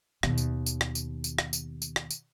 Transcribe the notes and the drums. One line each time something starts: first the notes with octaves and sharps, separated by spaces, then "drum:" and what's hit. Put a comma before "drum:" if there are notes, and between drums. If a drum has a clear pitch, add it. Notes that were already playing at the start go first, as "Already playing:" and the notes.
D#2 B2, drum: rim click
drum: tambourine
drum: tambourine
drum: rim click
drum: tambourine
drum: tambourine
drum: rim click
drum: tambourine
drum: tambourine
drum: rim click
drum: tambourine